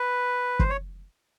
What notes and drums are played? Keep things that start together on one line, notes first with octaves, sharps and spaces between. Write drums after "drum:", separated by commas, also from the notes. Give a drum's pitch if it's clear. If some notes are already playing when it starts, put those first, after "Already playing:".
Already playing: B4
C5, drum: kick
C#5